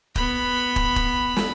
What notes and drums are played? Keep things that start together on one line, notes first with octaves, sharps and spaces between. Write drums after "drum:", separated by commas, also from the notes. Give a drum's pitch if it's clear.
B3 B5, drum: kick
drum: kick
drum: kick
drum: snare